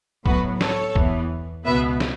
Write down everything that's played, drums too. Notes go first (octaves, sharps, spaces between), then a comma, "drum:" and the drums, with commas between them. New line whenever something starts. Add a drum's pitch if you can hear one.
A2 F#3 B3 F#4 B4, drum: kick
A4 C#5, drum: snare
E2 E3 B3, drum: kick
C#2 B2 B3 B4 E5
drum: snare